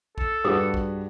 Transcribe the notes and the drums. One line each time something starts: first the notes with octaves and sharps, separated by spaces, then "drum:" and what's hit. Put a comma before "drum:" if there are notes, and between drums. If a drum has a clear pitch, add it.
A4, drum: kick
G2 F#4 G#4 B4 F#5 D#6
drum: kick